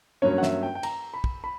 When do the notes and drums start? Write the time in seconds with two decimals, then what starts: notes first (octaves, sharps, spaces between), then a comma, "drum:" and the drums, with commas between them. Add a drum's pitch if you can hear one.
0.22 G2 F#3 A#3 C#4 C#5
0.38 F#5
0.43 E5, drum: snare
0.63 G5
0.75 G5
0.83 A#5, drum: cymbal
1.14 B5
1.24 drum: kick
1.44 B5